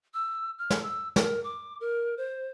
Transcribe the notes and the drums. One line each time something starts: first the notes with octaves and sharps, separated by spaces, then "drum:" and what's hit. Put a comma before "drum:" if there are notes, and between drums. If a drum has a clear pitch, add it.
E6
F6
drum: snare
E6
A#4, drum: snare
D6
A#4
C5